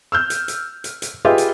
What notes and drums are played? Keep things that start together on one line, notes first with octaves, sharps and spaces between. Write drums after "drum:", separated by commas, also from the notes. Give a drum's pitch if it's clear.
E6 F6 G6
drum: hi-hat
drum: hi-hat
drum: hi-hat
drum: hi-hat
F4 G4 G#4 B4 D#5 E5
drum: hi-hat